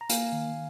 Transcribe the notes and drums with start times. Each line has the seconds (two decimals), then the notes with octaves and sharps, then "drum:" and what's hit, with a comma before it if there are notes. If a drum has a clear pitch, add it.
0.01 A#5
0.10 A#3 F5 G#5, drum: hi-hat
0.32 D#3